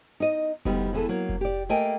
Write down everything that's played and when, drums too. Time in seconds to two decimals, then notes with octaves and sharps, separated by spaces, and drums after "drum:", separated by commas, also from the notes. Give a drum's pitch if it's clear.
0.20 D#4 D#5
0.65 D2 G3 B3 D#4, drum: kick F1
0.93 E2 E3 G#4 A4
1.09 F#3 A#3
1.29 drum: kick F1
1.41 G4 D5
1.69 A3 A#3 D#5 G5 G#5